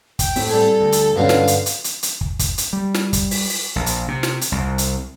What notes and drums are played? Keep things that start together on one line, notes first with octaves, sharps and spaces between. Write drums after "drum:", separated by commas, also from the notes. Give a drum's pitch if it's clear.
G5, drum: kick, hi-hat
A2 C4, drum: open hi-hat
G3 A4 G#5
D2
drum: hi-hat
G2 B2 D3 F#3 C#4 F5
drum: snare
drum: hi-hat
drum: hi-hat
drum: hi-hat
drum: hi-hat
drum: kick
drum: kick, hi-hat
drum: hi-hat
G3
drum: snare
drum: kick, hi-hat
drum: open hi-hat
drum: open hi-hat
A#1
drum: hi-hat
C3
drum: snare
drum: hi-hat
C2
drum: hi-hat